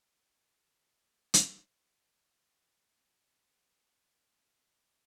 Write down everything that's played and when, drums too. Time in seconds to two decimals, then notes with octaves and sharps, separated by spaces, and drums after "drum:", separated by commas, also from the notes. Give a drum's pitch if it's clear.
0.18 G#4
1.34 drum: hi-hat
2.33 C6
2.87 C4 F5
4.23 A#4
4.69 A3 A#4